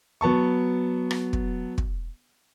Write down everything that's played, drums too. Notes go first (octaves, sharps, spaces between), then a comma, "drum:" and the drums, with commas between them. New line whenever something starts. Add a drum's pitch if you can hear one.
F#3 B3 A5 C#6
drum: rim click
drum: kick
drum: kick